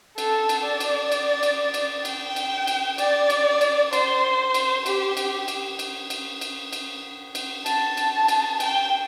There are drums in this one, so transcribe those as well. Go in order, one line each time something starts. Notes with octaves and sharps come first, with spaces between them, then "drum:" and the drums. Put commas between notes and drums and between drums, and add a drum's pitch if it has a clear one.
A4, drum: cymbal
drum: cymbal
D5
drum: cymbal
drum: cymbal
drum: cymbal
drum: cymbal
G5, drum: cymbal
drum: cymbal
drum: cymbal
D5, drum: cymbal
drum: cymbal
drum: cymbal
C5, drum: cymbal
drum: cymbal
G4, drum: cymbal
drum: cymbal
drum: cymbal
drum: cymbal
drum: cymbal
drum: cymbal
drum: cymbal
drum: cymbal
A5, drum: cymbal
drum: cymbal
drum: cymbal
G5, drum: cymbal